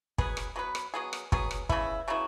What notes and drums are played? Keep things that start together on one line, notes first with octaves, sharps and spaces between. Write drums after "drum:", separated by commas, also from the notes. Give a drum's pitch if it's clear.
F#3 B3 G#4 B4, drum: kick
drum: rim click
F#3 B3 G#4 B4
drum: rim click
F#3 B3 G#4
drum: rim click
F#3 B3 G#4, drum: kick
drum: rim click
C#3 F#3 B3 E4, drum: kick
C#3 F#3 B3 E4